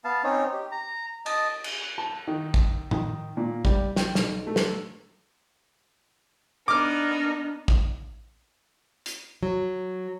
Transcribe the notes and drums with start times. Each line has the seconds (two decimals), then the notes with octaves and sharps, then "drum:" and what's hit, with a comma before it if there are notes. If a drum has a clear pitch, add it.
0.05 B3 F5 A5
0.24 C4 C#4 D#4 C#5
0.53 G4
0.72 A#5
1.26 D#5 A5 D#6, drum: cymbal
1.64 drum: cymbal
1.98 A5
2.28 D#3
2.54 drum: kick A1
2.91 D#3, drum: tom A2
3.37 A#2
3.65 G3, drum: kick A1
3.96 G5, drum: snare
4.15 B1, drum: snare
4.47 A3
4.56 drum: snare
6.68 B3 D4 D#4 A#4 D6 F6
7.68 drum: kick A1
9.06 drum: hi-hat
9.43 F#3